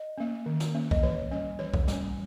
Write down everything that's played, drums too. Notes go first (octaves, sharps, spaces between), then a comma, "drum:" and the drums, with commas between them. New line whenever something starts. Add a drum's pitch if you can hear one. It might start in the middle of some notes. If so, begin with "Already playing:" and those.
Already playing: D#5
A#3 C#4
D#3
drum: snare
A#3 C#4
D#5, drum: kick B1
E3 C#5
G3 C#4 D#5
E3 C#5
drum: kick B1
G3 C#4, drum: snare